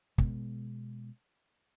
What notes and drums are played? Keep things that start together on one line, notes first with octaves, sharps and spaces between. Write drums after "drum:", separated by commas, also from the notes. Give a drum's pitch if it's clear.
B2 G#3 B3, drum: kick